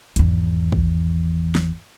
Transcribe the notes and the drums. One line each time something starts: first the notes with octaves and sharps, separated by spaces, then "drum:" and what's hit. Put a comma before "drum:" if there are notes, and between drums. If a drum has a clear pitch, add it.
G#1 E2, drum: hi-hat
drum: kick
drum: snare